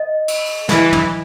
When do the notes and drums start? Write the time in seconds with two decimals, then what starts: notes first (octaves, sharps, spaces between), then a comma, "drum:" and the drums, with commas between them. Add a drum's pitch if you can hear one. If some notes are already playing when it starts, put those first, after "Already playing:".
Already playing: D#5
0.28 drum: cymbal
0.46 drum: open hi-hat
0.69 E3, drum: snare
0.93 drum: tom